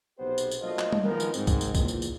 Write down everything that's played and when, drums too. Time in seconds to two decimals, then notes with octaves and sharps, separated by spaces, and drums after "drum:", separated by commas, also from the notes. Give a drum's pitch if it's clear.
0.19 B1 C3 B3 G4 C5
0.38 drum: tambourine
0.51 drum: tambourine
0.62 F#3 A3 D4 F4 A#4 D#5
0.79 drum: clap
0.93 drum: tom G3
1.03 D#3 F3 G#3 B3 D#4 A#4
1.20 drum: tambourine
1.34 G#2 C4, drum: tambourine
1.47 drum: kick, tambourine
1.61 drum: tambourine
1.75 E2 A#2, drum: kick, tambourine
1.88 drum: tambourine
2.02 drum: tambourine